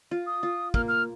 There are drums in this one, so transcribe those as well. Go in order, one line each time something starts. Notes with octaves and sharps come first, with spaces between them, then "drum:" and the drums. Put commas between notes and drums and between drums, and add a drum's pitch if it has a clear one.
F4
D#6
F4
A#3 F6, drum: kick
F6